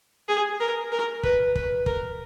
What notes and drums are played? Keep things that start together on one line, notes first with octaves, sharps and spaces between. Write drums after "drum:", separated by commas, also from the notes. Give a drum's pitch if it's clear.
G#4
A#4
A#4
B4, drum: kick
B4, drum: kick
A#4, drum: kick